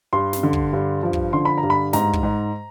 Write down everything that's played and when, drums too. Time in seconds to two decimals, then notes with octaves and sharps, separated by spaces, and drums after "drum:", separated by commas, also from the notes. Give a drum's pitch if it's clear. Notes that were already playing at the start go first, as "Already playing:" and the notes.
0.13 G2 C6
0.33 drum: snare
0.43 D3
0.53 drum: kick
0.73 G2
1.03 F3
1.13 drum: kick
1.33 D3 C6
1.45 B5
1.58 A#5
1.63 G2
1.70 B5
1.93 G#2 A#5, drum: snare
2.13 drum: kick
2.23 G#2